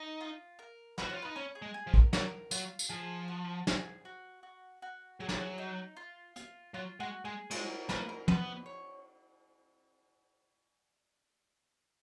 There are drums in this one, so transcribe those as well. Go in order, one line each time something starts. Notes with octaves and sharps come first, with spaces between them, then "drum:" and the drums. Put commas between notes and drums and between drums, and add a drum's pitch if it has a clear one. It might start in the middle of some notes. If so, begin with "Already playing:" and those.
Already playing: D#4
F4
A#4
F#4 B4, drum: snare
F4 C#5
D#4 B4
C#4 C#5
G#4
G#3
G#4
F3
A#4, drum: kick
F#3 A#4, drum: snare
F#3 F4, drum: tambourine
drum: tambourine
F3 G#4
F#4
G#4, drum: snare
F#4
F#4
F#4
F#3 G#4
F3, drum: snare
F#3
D#4
F4
F4, drum: hi-hat
F#3 F4
G#3 F#4
G#3 G#4
G#3 A#4, drum: cymbal
A#4
A#3 B4, drum: snare
A#4
B3 B4, drum: tom
C#5